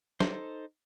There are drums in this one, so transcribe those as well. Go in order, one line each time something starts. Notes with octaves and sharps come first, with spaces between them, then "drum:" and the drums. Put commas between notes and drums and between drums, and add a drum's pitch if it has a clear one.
D#4 A4 C5, drum: snare